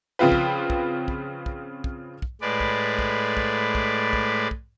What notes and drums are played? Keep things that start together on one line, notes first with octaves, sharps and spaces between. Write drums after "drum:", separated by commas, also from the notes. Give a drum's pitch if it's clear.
C#3 F3 C4 F4 B4
drum: kick
drum: kick
drum: kick
drum: kick
drum: kick
drum: kick
A2 G#3 B4 D5
drum: kick
drum: kick
drum: kick
drum: kick
drum: kick
drum: kick